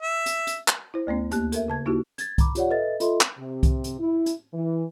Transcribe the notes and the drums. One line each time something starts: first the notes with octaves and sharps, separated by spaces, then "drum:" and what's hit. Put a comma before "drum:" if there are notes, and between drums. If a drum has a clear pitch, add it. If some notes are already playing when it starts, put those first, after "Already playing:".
E5
drum: hi-hat
drum: hi-hat
drum: clap
E4 C5
D2 A3 B3 C#4
D#2 A#3 G4 F#6, drum: hi-hat
A4 A#4 E5, drum: hi-hat
C#3 A5 G#6
A#3 D#4 E4 F#4 G4
G#6 A6, drum: hi-hat
A#5 B5 D6, drum: kick C2, hi-hat
F4 G4 C#5 D5 F#5, drum: hi-hat
A4 B4 D#5 E5 A6
F4 A4 D#5 E5 C6, drum: hi-hat
drum: clap
C3
drum: kick C2, hi-hat
drum: hi-hat
E4
drum: hi-hat
E3